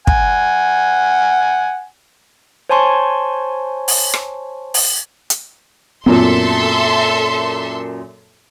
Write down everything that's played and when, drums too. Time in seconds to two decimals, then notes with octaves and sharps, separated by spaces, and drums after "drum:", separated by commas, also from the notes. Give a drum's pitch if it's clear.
0.07 F#5 G#5, drum: kick
2.69 C5 C#5 G#5 A5 C6 C#6
3.88 drum: open hi-hat
4.14 drum: rim click
4.74 drum: open hi-hat
5.30 drum: hi-hat
6.06 F#2 A#2 B3 C4 F4 A4 E5 C6